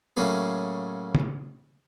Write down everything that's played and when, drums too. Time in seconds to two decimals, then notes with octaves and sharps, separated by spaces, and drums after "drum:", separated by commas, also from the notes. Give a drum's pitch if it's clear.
0.17 A2 C#3 F#3 A3 A#3 G#4
1.15 drum: tom